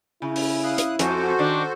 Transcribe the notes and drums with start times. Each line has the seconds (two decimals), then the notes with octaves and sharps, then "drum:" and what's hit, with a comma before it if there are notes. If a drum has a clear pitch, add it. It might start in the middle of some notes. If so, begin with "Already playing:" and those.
0.22 C#3 E4
0.36 drum: open hi-hat
0.64 F5 D#6 F#6
0.78 drum: hi-hat
0.99 F2 F#4 A4 C5, drum: hi-hat
1.39 D#3 D4